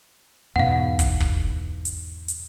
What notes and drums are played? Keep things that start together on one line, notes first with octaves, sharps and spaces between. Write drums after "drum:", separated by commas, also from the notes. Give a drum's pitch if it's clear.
E2 G#2 B2 F5 F#5
drum: kick, hi-hat
drum: kick
drum: hi-hat
drum: hi-hat